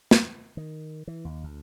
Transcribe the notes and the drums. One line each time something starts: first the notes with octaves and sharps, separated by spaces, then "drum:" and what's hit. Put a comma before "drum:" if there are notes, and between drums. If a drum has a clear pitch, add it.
drum: snare
D#3
E3
D#2
D2